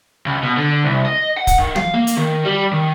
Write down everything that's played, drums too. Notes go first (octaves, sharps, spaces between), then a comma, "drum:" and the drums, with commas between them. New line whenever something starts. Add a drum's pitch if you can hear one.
C#2
B2
D3
C2
D#5
F#5
drum: kick, hi-hat
D#3
F5, drum: tom
A#3
drum: hi-hat
D#3
G3
D#3